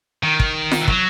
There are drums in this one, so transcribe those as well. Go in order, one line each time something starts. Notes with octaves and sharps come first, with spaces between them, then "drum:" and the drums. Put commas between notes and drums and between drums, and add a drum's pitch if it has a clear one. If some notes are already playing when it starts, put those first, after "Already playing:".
D#3
drum: kick
drum: snare F4
E3
F#3, drum: kick